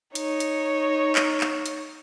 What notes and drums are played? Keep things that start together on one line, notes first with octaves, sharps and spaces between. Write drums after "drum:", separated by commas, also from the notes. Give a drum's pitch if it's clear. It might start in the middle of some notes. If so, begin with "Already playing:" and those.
D#4 C#5, drum: hi-hat
drum: hi-hat
drum: clap
drum: clap
drum: hi-hat